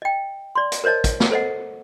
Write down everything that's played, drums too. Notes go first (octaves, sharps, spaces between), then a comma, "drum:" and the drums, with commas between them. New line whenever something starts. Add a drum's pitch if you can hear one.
D#5 G5
D5 C6
drum: hi-hat
A#4 C5 C#5 D#5 A5
drum: kick, hi-hat
drum: snare
A4 C5 D#5 F#5